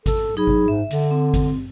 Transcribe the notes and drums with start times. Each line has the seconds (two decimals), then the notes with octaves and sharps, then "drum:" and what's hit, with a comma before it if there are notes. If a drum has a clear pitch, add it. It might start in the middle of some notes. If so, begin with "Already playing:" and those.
0.06 A4, drum: kick G#1, hi-hat
0.37 F#3 D#4 G#4 B5
0.47 drum: kick G#1
0.68 G#2 E5
0.91 D3, drum: hi-hat
1.11 C4
1.34 drum: kick G#1, hi-hat